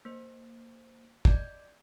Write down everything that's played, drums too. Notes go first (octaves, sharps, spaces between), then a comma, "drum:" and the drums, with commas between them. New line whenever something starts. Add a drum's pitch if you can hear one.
A#3 C5
D5 D#5 D6 G6 G#6, drum: kick